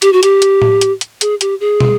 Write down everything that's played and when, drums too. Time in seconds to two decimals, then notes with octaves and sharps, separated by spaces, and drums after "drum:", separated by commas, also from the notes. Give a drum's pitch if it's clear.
0.02 G4, drum: hi-hat
0.13 F#4
0.23 G4, drum: hi-hat
0.42 drum: hi-hat
0.62 drum: tom A2
0.81 drum: hi-hat
1.01 drum: hi-hat
1.21 G#4, drum: hi-hat
1.41 G4, drum: hi-hat
1.60 G#4
1.80 drum: tom